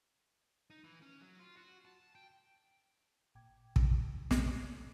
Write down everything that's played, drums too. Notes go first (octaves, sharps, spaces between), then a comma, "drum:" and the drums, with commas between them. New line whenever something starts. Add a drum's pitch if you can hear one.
D#4
E3
C#4
F#3
F4
F#4
A5
G5
G#1 A#2 G5 D6 G#6
drum: kick
drum: snare